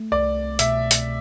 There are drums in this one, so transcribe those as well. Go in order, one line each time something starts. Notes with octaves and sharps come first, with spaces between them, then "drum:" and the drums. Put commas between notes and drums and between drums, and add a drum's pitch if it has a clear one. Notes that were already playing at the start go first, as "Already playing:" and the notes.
Already playing: A3
C2 D5
B2 E5, drum: hi-hat
drum: hi-hat